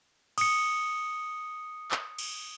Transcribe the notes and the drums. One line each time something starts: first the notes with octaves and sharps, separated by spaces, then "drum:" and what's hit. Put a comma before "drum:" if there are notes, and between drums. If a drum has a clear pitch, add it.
D#6 C#7, drum: cymbal
drum: clap
drum: cymbal